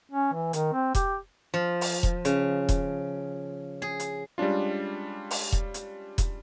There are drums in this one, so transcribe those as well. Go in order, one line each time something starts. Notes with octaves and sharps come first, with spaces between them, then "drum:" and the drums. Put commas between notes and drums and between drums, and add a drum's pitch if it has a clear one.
C#4
E3
D#3, drum: hi-hat
C4
G4, drum: kick E1, hi-hat
F3
drum: open hi-hat
drum: kick E1
C#3, drum: hi-hat
drum: kick E1, hi-hat
G#4
drum: hi-hat
G3 G#3 C#4 D4 F4
drum: open hi-hat
drum: kick E1
drum: hi-hat
drum: kick E1, hi-hat